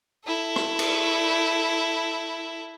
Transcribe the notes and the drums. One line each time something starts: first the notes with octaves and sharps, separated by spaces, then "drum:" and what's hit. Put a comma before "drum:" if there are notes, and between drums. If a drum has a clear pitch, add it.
E4 A4
drum: rim click
drum: cymbal